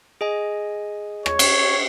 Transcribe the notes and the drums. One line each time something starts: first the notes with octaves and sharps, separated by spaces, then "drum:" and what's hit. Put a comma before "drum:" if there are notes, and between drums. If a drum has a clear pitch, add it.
G#4 D#5 G#5
C#5, drum: rim click
drum: cymbal